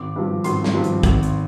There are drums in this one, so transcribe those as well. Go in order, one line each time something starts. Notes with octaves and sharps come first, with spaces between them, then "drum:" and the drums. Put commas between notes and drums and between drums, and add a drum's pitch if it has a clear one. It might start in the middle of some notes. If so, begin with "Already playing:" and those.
Already playing: G#1 D6
G2 F3
G#1 C6, drum: hi-hat
drum: snare
G2 F3
drum: hi-hat
G#1, drum: kick, hi-hat
drum: hi-hat